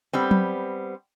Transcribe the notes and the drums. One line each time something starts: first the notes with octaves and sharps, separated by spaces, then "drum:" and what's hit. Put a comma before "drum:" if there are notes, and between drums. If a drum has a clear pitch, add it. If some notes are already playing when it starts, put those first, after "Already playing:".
G3 B3 C4
drum: tom F#3